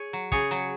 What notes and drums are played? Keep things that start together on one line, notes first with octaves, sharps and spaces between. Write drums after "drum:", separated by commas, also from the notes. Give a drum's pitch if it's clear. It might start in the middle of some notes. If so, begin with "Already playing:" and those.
Already playing: G#4 C#5
F#3
C#3 G#4 C#5, drum: kick
F#3, drum: hi-hat